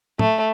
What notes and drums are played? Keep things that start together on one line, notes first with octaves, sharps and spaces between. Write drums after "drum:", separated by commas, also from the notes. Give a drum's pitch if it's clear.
A3, drum: tom